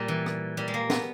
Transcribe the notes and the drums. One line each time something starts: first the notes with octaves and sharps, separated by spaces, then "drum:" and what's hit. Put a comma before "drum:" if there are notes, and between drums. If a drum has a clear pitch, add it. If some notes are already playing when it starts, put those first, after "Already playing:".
Already playing: A#2 G3
E3
drum: rim click
A#2 G3
G#3
A#3
B3, drum: snare